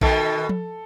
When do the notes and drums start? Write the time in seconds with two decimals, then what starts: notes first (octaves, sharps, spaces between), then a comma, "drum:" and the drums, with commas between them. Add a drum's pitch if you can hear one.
0.01 B2 D#3 A4, drum: kick
0.49 drum: tom F3